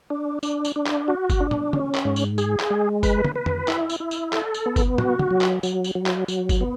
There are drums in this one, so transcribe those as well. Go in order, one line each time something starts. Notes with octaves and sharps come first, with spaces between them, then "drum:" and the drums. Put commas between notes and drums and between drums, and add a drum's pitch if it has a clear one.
D4
D4, drum: tambourine
drum: tambourine
D4
drum: clap
F#4
drum: kick G1, tambourine
D4
drum: tom
C#4, drum: tom
drum: clap
G#2
drum: tambourine
G#4, drum: tambourine
drum: clap
G#3
B4, drum: kick G1, tambourine
drum: tom
B4
drum: tom
E4, drum: clap
drum: tambourine
E4
drum: tambourine
A4, drum: clap
drum: tambourine
B3
drum: kick G1, tambourine
F#4, drum: tom
drum: tom
F#3
drum: clap
F#3, drum: tambourine
drum: tambourine
F#3
drum: clap
F#3, drum: tambourine
drum: kick G1, tambourine
B3